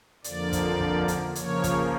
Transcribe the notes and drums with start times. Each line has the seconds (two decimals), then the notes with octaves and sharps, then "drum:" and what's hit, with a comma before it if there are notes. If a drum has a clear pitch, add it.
0.24 F2 D3 F3 A#3 D5, drum: hi-hat
0.53 drum: kick, hi-hat
0.80 drum: kick
1.08 drum: hi-hat
1.35 C#3 F3 A#3 C#5, drum: hi-hat
1.64 drum: kick, hi-hat